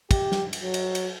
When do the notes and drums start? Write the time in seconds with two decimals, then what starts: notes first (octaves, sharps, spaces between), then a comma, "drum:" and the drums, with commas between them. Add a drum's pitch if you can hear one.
0.11 G4, drum: kick, cymbal
0.32 drum: snare
0.53 drum: cymbal
0.63 F#3
0.74 drum: cymbal
0.95 drum: cymbal